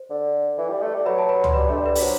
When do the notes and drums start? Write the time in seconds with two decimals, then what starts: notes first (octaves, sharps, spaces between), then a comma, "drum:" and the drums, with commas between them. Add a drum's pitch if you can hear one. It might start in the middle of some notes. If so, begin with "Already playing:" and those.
Already playing: C5
0.10 D3
0.58 E3
0.70 G3
0.83 A3
0.94 G3
1.06 F#3 B4 B5
1.18 A5
1.29 B4 B5
1.44 C6, drum: tom C#2
1.53 G3 B4 B5
1.70 A3 D4 D5
1.77 G3
1.86 B4
1.95 G3, drum: open hi-hat
2.01 F#3 C5